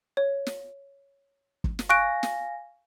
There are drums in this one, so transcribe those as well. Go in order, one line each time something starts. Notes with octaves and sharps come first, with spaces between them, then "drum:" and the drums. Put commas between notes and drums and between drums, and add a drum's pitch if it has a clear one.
C#5
drum: snare
drum: kick
drum: snare
F5 G#5 C#6 F#6 A#6 D7
drum: snare